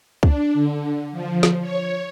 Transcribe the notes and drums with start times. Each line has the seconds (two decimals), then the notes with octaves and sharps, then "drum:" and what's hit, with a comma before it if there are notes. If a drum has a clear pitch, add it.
0.23 D4, drum: kick
0.54 D3
1.12 F3
1.43 drum: snare
1.61 C#5